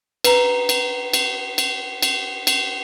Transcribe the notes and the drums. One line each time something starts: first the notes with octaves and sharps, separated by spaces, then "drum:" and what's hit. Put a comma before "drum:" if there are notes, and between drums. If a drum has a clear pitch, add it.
B4 A#5, drum: cymbal
drum: cymbal
drum: cymbal
drum: cymbal
drum: cymbal
drum: cymbal